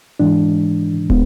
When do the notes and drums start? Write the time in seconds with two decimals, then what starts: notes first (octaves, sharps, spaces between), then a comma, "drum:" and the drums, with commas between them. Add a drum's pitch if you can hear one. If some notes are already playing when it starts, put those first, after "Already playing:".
0.20 G#2 E3 G#3 D4
1.10 G#3 B3, drum: kick